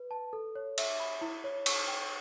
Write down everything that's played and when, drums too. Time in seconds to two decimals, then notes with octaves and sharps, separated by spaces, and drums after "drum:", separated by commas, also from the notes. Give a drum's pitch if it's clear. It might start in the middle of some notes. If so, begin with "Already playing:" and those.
Already playing: B4
0.11 A5
0.33 A4
0.56 C#5
0.78 E5, drum: cymbal
1.00 B5
1.21 E4
1.44 C#5
1.66 C#6, drum: cymbal
1.87 G5